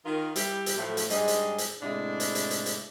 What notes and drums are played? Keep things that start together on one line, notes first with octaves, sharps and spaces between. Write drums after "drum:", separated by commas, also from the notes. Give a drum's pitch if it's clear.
D#3 F4 A#4
G3 E4 G4, drum: hi-hat
drum: hi-hat
A2 F3 F#3 A3
drum: hi-hat
G#2 G3 G#3 D4 G#4 D#5, drum: hi-hat
drum: hi-hat
drum: hi-hat
A2 C3 G#3 D4 E4
drum: hi-hat
drum: hi-hat
drum: hi-hat
drum: hi-hat